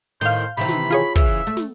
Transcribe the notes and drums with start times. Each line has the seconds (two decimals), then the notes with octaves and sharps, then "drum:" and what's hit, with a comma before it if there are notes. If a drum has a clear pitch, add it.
0.21 A2 D#3 C5 F5 G6
0.57 C3 D#3 E3 B5
0.68 drum: snare
0.91 F4 G#4 C#5
1.16 C#3 E3 E5, drum: kick
1.47 A3
1.57 drum: snare